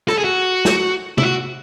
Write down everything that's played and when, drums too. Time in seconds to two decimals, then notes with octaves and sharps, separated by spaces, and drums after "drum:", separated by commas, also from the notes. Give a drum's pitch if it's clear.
0.08 A4, drum: rim click
0.18 G#4
0.24 F#4
0.65 drum: snare
1.18 E4, drum: tom
1.22 F#4